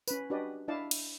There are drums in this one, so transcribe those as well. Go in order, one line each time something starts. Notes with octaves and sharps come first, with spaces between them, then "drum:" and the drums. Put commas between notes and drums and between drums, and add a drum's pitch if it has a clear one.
C#4 B4, drum: tambourine
D4 F#4 G4 B4 D5 D#5
D4 E4 D5 D#5 F5 A5
drum: cymbal